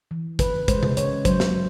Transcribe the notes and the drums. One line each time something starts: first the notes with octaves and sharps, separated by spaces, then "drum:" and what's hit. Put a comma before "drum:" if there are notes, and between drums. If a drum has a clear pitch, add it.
E3
C#3 B4, drum: kick, hi-hat
G#3 C5, drum: kick, hi-hat
drum: tom C3
C#3 C#5, drum: hi-hat
F#3 C5, drum: kick, hi-hat
drum: snare